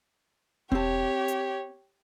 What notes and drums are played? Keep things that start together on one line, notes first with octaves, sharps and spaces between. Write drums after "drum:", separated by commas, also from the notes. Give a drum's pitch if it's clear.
C4 G4 C#5 A5, drum: kick E1
drum: hi-hat